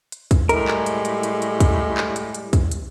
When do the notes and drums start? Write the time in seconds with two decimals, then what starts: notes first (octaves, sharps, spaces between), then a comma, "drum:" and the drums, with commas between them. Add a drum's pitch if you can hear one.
0.12 drum: hi-hat
0.31 drum: kick, hi-hat
0.49 A2 G3 G#3 A#4, drum: hi-hat
0.68 drum: clap
0.86 drum: hi-hat
1.05 drum: hi-hat
1.23 drum: hi-hat
1.42 drum: hi-hat
1.60 drum: kick, hi-hat
1.97 drum: clap
2.16 drum: hi-hat
2.34 drum: hi-hat
2.53 drum: kick, hi-hat
2.71 drum: hi-hat